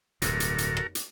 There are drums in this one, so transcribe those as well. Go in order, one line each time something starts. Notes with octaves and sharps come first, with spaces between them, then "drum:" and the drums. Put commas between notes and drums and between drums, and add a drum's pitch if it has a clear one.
D1 G2 C3 F#4 A4 A#4, drum: hi-hat
drum: hi-hat
drum: hi-hat
drum: rim click
drum: hi-hat